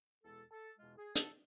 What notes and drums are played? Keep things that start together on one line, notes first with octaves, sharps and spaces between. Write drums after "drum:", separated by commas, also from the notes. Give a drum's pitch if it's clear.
E2 B2 G#3 A4
A4
E2 B2 G#3 F4
G#4
A4, drum: hi-hat